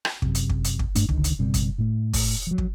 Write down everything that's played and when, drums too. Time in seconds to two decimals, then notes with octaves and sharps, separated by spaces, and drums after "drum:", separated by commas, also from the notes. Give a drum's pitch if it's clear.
0.05 drum: rim click
0.22 F#2 C3, drum: kick
0.35 drum: hi-hat
0.49 drum: kick
0.64 drum: hi-hat
0.79 drum: kick
0.95 G2 A3 D4, drum: hi-hat
1.09 C#2 D3 D#3, drum: kick
1.24 drum: hi-hat
1.39 F#1 B2 G3 C4
1.54 drum: kick, hi-hat
1.78 A2 A3
2.13 drum: kick, open hi-hat
2.47 F3 F#3
2.58 drum: kick